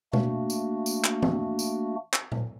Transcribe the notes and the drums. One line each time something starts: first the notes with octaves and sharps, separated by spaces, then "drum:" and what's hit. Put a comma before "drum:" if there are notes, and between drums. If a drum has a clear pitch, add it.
A3 A#3 D4 F#4, drum: tom B2
drum: tambourine
drum: tambourine
drum: clap
drum: tom E3
drum: tambourine
drum: clap
drum: tom A#2